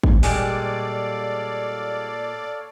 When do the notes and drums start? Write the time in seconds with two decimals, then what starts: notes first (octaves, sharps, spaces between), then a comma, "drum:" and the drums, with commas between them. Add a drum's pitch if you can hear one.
0.03 drum: kick
0.23 A#2 G3 G#3 G#4 A4 C#5 D5 F5, drum: open hi-hat